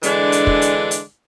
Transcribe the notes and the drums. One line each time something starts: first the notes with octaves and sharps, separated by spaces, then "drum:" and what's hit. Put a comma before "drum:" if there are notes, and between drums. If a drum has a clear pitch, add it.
D3 E3 G#3 D4 D5, drum: hi-hat
drum: hi-hat
drum: kick
drum: hi-hat
drum: hi-hat